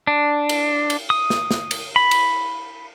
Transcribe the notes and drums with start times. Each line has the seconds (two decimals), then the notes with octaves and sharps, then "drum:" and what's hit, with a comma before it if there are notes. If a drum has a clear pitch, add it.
0.07 D4
0.49 drum: cymbal
0.90 drum: cymbal
1.10 D#6
1.30 drum: snare
1.51 drum: snare
1.71 drum: cymbal
1.96 B5
2.11 drum: cymbal